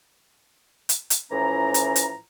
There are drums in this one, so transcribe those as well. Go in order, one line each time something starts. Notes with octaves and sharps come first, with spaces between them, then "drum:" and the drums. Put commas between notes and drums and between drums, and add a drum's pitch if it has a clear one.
drum: hi-hat
drum: hi-hat
A2 E3 F3 C#4 A#5
drum: hi-hat
drum: hi-hat